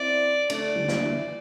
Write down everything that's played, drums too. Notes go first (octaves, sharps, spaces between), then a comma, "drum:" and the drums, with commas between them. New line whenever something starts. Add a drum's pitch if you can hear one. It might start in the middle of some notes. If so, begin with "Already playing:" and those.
Already playing: C4 E4 D5
A3 D4 D5, drum: cymbal
D3 G3
drum: snare
E3